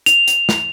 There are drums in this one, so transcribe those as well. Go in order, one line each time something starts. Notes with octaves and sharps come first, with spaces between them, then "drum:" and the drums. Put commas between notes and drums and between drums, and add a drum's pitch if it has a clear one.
F7, drum: hi-hat
drum: hi-hat
drum: snare